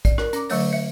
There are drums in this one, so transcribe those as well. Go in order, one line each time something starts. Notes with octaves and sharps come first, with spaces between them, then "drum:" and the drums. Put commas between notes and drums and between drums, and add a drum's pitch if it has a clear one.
D5, drum: kick, hi-hat
A#4, drum: rim click
C#4 A#5 D6, drum: hi-hat
D3 F#3 A3 C#5, drum: open hi-hat
E5